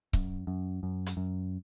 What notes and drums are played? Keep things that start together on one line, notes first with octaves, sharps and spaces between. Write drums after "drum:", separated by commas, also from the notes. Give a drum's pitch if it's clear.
F#2, drum: kick C#1
F#2
F#2
drum: hi-hat
F#2